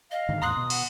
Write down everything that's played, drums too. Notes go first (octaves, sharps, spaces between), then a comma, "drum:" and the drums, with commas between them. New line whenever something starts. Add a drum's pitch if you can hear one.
D#5 F5
G#2 D3 D#3
E2 A2 A#5 C6 D#6 F#6
B2
F#5, drum: cymbal